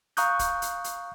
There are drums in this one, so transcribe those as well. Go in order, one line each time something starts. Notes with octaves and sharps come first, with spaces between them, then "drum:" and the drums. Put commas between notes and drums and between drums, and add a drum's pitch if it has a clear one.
F5 A#5 C#6 D#6 F#6 G6, drum: hi-hat
drum: kick, hi-hat
drum: hi-hat
drum: hi-hat